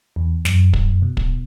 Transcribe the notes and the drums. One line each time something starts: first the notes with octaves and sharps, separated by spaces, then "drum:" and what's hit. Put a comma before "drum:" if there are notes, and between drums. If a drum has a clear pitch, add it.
E2
F#2, drum: snare
F#2, drum: kick
B2
drum: kick